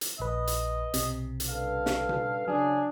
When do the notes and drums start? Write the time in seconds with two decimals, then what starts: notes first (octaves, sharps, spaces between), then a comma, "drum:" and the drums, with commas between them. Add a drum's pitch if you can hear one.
0.01 drum: hi-hat
0.19 A#1 B4 D#5
0.47 drum: hi-hat
0.94 B1 C3, drum: hi-hat
1.40 drum: hi-hat
1.49 G2 C#3 A4 B4 F5
1.86 drum: snare
2.09 drum: tom B2
2.48 C#3 F#3 D4 G#4